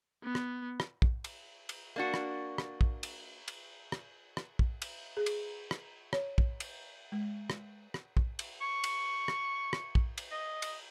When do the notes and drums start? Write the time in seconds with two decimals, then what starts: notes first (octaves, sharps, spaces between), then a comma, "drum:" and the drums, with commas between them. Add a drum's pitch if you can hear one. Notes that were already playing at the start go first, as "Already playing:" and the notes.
0.23 B3
0.35 drum: rim click
0.80 drum: rim click
1.02 drum: kick
1.24 drum: cymbal
1.69 drum: cymbal
1.96 A#3 D4 F#4
2.14 drum: rim click
2.58 drum: rim click
2.81 drum: kick
3.03 drum: cymbal
3.48 drum: cymbal
3.92 drum: rim click
4.37 drum: rim click
4.59 drum: kick
4.82 drum: cymbal
5.17 G#4
5.26 drum: cymbal
5.71 drum: rim click
6.13 C#5, drum: rim click
6.38 drum: kick
6.60 drum: cymbal
7.12 G#3
7.50 drum: rim click
7.94 drum: rim click
8.17 drum: kick
8.39 drum: cymbal
8.61 C#6
8.84 drum: cymbal
9.28 drum: rim click
9.73 drum: rim click
9.95 drum: kick
10.18 drum: cymbal
10.31 D#5
10.62 drum: cymbal